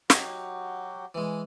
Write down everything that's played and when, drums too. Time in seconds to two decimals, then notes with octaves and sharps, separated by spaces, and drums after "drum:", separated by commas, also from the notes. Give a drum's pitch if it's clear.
0.10 F#3 D#4 F#4 G4, drum: snare
1.15 E3 G#3